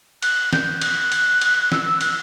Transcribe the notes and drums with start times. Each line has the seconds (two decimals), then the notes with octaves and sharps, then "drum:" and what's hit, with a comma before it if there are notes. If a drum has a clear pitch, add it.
0.22 F#6, drum: cymbal
0.53 G6, drum: snare
0.81 F#6, drum: cymbal
1.12 drum: cymbal
1.41 drum: cymbal
1.72 E6, drum: snare
1.86 E6
2.01 F#6, drum: cymbal